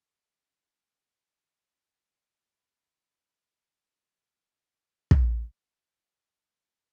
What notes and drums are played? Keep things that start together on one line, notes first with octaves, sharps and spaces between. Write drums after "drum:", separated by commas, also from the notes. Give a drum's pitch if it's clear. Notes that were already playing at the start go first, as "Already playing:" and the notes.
C#3 F#3
C#3 F#3
B2 D#3
C#3
C#3
G#2
B2
C#3
B2 D#3
B2
C#3
B2
G#2
F#2
G#2
F#2
drum: kick
B2
G#2
F#2